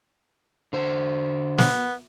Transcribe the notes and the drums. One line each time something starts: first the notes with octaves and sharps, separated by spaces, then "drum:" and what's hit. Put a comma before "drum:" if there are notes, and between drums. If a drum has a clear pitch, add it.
D3 C5
B3, drum: snare